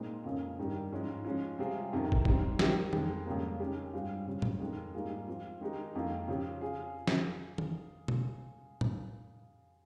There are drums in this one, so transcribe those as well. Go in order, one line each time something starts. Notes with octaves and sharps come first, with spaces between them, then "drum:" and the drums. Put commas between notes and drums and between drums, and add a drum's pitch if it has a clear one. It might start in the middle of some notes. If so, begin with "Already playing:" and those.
Already playing: A#2 G#3 C4 D#4
F2 C#3 F3 A#3 C#4
G2 D#3 G3
G#2 F3 G#3 C#4
F3 G#3 C#4
C3 G3 C4 F4 G#4
F2 C3 D#3
drum: kick
G#2 G3 C4, drum: kick
D#3 G3 C4 G4, drum: snare
F2 D#3 G#3, drum: tom
F2 C#3 G3 A#3
D#3 G#3 C#4 G4
G2 G3 C4 F4 G#4
C#3 G3 C4
drum: tom
F2 D#3 G#3
G#2 G3 A#3 F4 G#4
F3 C4 F4
D#3 G#3 D#4 G4
F2 D#3 A#3 F4
C#3 F3 C4 G4
F4 G#4
drum: snare
drum: tom
drum: tom B2
drum: tom